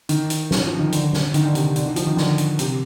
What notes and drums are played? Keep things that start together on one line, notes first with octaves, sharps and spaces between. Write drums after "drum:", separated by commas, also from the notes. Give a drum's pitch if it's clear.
D#3, drum: hi-hat
drum: hi-hat
drum: snare
F3
D#3
D3, drum: hi-hat
drum: snare
D#3, drum: hi-hat
D3
C3, drum: hi-hat
C3
D3, drum: hi-hat
D#3
F3, drum: hi-hat
D#3
D3, drum: snare
drum: hi-hat
C3, drum: hi-hat